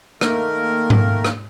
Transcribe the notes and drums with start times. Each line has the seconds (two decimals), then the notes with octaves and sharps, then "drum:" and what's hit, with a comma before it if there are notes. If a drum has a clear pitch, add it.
0.21 D#3 A3 A#3 A#4, drum: rim click
0.90 drum: tom G#2
1.25 drum: rim click